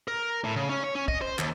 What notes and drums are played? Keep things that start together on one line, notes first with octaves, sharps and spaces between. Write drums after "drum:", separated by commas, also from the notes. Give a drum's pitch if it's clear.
A#4
A2
C#3
C#4
C#5
C#4
D#5, drum: kick
C5
D#2, drum: clap